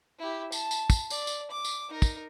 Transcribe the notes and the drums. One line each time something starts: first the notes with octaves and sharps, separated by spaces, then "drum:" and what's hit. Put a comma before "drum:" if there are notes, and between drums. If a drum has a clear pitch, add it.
E4 G4
A5, drum: tambourine
drum: tambourine
drum: kick, tambourine
D5, drum: tambourine
drum: tambourine
D6
drum: tambourine
D#4 A#4
drum: kick, tambourine